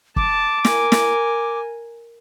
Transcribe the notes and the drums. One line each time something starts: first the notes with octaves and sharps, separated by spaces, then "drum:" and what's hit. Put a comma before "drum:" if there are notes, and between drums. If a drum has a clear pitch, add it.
A5 D6, drum: kick
A#4 G#5, drum: snare
drum: snare